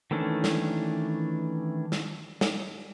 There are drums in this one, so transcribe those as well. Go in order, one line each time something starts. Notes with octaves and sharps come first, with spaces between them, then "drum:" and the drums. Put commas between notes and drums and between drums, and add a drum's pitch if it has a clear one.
D#3 E3 A3 C#4 D4
drum: snare
drum: snare
drum: snare